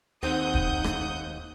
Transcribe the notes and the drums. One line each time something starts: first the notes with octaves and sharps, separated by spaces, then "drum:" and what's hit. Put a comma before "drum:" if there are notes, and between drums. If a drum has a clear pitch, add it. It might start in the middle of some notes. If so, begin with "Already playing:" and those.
D#2 C4 D#4 F#5 D#6 G6
drum: kick
drum: rim click